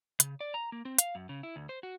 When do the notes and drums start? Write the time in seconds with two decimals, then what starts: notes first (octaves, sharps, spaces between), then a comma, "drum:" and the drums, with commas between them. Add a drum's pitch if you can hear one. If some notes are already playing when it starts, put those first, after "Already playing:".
0.20 C#3, drum: hi-hat
0.41 D5
0.54 A#5
0.72 A#3
0.85 C4
0.99 F5, drum: hi-hat
1.15 F#2
1.29 C#3
1.43 E4
1.56 D2
1.69 C5
1.83 F#4